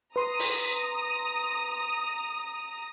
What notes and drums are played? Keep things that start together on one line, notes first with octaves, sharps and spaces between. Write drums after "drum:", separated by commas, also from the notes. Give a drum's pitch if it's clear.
B4 A#5 C6 D#6
drum: open hi-hat